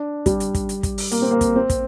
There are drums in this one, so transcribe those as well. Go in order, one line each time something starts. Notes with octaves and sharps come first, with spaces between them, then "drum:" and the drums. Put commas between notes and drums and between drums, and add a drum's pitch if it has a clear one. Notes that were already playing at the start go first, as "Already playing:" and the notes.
Already playing: D4
G3, drum: kick, hi-hat
drum: hi-hat
drum: kick, hi-hat
drum: hi-hat
drum: kick, hi-hat
drum: open hi-hat
A#3, drum: hi-hat
C4
A#3
drum: kick, hi-hat
C4
drum: kick, hi-hat